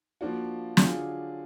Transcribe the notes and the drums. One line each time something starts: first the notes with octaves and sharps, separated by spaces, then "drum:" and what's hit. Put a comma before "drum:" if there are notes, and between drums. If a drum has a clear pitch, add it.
F3 A#3 D4 F#4
D3 F#3 D4 F4 G#4, drum: snare